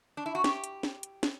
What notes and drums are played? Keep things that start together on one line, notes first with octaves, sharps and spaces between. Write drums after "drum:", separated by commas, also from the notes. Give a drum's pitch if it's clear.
D4
E4
F#4
G4, drum: snare
drum: hi-hat
drum: snare
drum: hi-hat
drum: snare